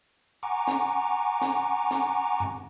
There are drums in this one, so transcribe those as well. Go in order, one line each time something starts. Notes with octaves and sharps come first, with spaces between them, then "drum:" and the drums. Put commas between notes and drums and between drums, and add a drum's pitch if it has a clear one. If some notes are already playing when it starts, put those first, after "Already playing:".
F#5 G#5 A#5 C#6 D6
drum: snare
drum: snare
drum: snare
drum: tom F#2